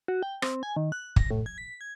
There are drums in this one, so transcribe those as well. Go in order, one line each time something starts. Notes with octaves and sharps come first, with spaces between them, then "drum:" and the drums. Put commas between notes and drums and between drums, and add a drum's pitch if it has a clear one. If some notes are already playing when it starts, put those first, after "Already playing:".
F#4
G5
C4, drum: rim click
G#5
D#3
F#6
A#6, drum: kick
A2
G#6
B6
G#6